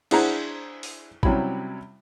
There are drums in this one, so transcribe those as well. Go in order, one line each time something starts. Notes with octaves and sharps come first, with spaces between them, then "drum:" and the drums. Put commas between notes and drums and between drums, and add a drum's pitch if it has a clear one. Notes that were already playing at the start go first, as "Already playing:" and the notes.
D4 E4 G#4 C5 F#5 A#5, drum: cymbal
drum: open hi-hat
C3 F#3 G3 C#4 E4 B5, drum: kick A1